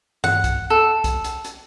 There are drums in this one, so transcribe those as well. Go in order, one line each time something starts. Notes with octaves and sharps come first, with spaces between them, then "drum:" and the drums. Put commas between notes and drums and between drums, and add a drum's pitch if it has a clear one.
F#5, drum: tom G2
drum: kick, hi-hat
A4
drum: kick, hi-hat
drum: hi-hat
drum: hi-hat